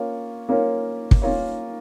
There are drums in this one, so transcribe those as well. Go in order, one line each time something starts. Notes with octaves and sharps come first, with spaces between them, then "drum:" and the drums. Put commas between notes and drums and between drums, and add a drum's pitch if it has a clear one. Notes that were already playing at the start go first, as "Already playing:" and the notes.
Already playing: A#3 C#4 F4 A#4 C#5
A#3 C#4 F4 A#4 C#5
drum: kick
A#3 C#4 F4 A#4 C#5